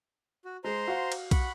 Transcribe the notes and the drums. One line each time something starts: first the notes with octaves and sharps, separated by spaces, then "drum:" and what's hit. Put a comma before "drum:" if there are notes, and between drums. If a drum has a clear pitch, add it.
F#4
G#3 C5 A#5 C6
F#4 F5
drum: cymbal
F#5 B5 C#6, drum: kick, cymbal